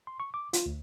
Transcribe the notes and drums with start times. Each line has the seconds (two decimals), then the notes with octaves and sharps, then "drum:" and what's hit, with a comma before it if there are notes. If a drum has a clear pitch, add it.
0.07 C6
0.20 C#6
0.34 D6
0.53 F4, drum: hi-hat
0.66 D2